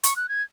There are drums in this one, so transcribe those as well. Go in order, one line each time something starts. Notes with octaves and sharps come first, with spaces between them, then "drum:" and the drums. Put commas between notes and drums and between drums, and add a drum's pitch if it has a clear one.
C#6, drum: hi-hat
F#6
G#6